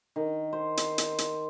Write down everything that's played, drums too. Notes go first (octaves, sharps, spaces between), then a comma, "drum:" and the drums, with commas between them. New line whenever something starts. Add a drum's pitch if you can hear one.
D#3
C5
drum: hi-hat
drum: hi-hat
drum: hi-hat